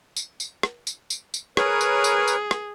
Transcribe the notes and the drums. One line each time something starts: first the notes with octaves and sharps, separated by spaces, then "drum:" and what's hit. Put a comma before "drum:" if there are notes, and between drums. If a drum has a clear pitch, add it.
drum: tambourine
drum: tambourine
drum: rim click
drum: tambourine
drum: tambourine
drum: tambourine
G#4 A#4 B4 C#5, drum: rim click
drum: tambourine
drum: tambourine
drum: tambourine
drum: rim click